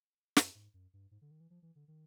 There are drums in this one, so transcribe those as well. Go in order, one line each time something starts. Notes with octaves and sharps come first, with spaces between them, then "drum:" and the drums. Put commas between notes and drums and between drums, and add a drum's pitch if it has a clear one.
F#2, drum: snare
G#2
F#2
G2
G#2
D3
D#3
E3
F3
E3
D3
D#3